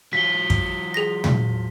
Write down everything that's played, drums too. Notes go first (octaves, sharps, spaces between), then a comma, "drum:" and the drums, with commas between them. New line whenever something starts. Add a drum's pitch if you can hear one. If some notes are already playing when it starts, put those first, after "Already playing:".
F#3 F4 B6 G7
drum: kick
G#4 A#6
drum: tom